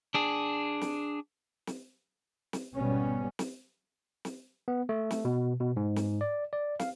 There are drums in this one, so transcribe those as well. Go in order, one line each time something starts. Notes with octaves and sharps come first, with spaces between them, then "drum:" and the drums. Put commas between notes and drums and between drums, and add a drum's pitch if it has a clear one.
D4 G#4
drum: snare
drum: snare
drum: snare
G#1 B2 G3 B3 C#4
drum: snare
drum: snare
B3
A3
drum: snare
B2
B2
G#2
drum: snare
D5
D5
F5, drum: snare